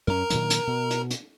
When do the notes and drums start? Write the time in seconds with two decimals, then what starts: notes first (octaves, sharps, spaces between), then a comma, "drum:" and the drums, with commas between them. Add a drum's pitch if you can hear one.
0.07 F#2 C#4 A#4 A#5
0.30 A#2 D#3 F#3, drum: hi-hat
0.50 drum: hi-hat
0.67 B2
0.90 drum: hi-hat
1.11 drum: hi-hat